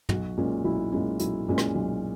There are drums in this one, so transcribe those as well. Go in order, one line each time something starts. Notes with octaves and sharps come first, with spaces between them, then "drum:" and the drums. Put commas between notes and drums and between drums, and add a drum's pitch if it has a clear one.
B1 F#4, drum: tom
A#2 G#3 C#4
B1 E4
A#2 G#3 C#4
B1 E4, drum: hi-hat
A#2 G#3 C#4
drum: rim click
B1